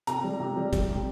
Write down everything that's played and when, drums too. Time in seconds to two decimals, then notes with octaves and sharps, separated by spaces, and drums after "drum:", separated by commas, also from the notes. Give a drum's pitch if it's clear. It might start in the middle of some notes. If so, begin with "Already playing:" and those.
0.07 C3 A#5, drum: hi-hat
0.24 G3
0.40 C3
0.57 G3
0.73 G3, drum: kick, hi-hat
0.89 C3